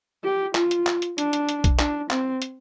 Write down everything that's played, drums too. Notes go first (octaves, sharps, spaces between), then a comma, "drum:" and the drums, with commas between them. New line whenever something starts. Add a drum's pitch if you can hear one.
G4
F4, drum: clap
drum: hi-hat
drum: clap
drum: hi-hat
D4, drum: hi-hat
drum: hi-hat
drum: hi-hat
drum: kick B1, hi-hat
D4, drum: clap
C4, drum: clap
drum: hi-hat